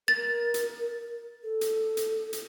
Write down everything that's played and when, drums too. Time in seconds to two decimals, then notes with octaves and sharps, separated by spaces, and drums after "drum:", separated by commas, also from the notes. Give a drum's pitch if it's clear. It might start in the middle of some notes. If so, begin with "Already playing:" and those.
0.08 A#4 A6
0.54 drum: hi-hat
1.43 A4
1.61 drum: hi-hat
1.97 drum: hi-hat
2.33 drum: hi-hat